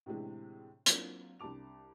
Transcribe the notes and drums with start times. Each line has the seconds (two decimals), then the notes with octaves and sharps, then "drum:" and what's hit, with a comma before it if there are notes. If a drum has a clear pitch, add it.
0.06 A2 C3 E3 G#3 D4
0.86 F#3 A#3 C4 D4 E4 F4, drum: hi-hat
1.39 C2 D4 A5 D6 F7